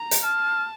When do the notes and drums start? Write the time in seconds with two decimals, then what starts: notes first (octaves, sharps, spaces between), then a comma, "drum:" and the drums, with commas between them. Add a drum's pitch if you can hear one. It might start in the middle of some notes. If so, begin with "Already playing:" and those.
Already playing: A#5
0.11 drum: hi-hat
0.23 A5 F6